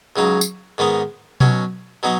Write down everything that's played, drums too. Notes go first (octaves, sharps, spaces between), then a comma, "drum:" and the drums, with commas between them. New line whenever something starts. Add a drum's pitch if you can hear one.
C#2 C#3 F#3 D#4
drum: tambourine
G#2 D#3 B3 D#4
B2 F#3 C#4, drum: tom B2
B2 F#3 B3 D#4